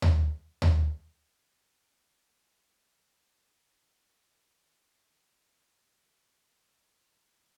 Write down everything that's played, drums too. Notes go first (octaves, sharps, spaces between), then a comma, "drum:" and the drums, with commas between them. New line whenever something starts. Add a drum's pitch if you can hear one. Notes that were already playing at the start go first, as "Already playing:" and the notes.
drum: tom D#2
drum: tom D#2
D5
C5
C5
B3
G#3
D#4
E4
G#4
A4
C5
D#3 B3 F4
C#4
B4
G4
E5
C#4
D5
D#5
D#3 E3 F#3